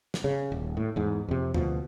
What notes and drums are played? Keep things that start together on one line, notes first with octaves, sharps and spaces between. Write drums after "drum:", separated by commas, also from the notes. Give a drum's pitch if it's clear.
drum: snare
C#3
D#1
A2
E2 G#2
F2 C3
D2 B2 F3, drum: tom